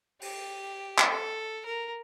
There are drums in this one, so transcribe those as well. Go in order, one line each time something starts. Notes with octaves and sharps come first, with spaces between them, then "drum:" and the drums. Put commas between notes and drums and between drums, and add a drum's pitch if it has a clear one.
G4, drum: open hi-hat
drum: clap
A4
A#4